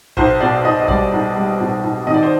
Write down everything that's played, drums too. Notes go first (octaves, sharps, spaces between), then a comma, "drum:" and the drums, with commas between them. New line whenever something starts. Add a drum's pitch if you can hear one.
B1 C5, drum: kick
B2 D5
B1 D#5
D#5
G3 D5, drum: kick
B1
G3
B2
B1
D#3 D#5
D5
C5